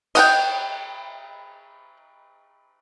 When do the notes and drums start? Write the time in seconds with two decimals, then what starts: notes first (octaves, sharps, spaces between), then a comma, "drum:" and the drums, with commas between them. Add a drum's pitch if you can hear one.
0.15 D#5 F#5 G5, drum: cymbal